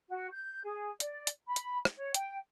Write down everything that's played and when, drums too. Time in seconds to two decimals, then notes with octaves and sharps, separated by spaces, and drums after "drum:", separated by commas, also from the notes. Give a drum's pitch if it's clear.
0.08 F#4
0.31 G6
0.64 G#4
1.00 D5, drum: hi-hat
1.27 drum: hi-hat
1.47 B5
1.56 drum: hi-hat
1.85 drum: rim click
1.97 C#5
2.14 G5, drum: hi-hat